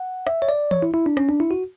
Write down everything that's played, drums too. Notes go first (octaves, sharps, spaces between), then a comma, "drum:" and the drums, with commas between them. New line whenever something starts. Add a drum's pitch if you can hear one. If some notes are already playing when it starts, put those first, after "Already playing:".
Already playing: F#5
E5, drum: rim click
C#5
D5
C#5, drum: tom E3
E4
E4
D4
C#4, drum: rim click
D4
E4
F#4